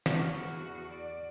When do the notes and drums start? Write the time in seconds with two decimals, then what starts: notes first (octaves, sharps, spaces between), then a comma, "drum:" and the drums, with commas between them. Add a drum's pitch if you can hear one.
0.06 drum: snare
0.18 E2 F#4 F#5 C#6 F6
0.91 D5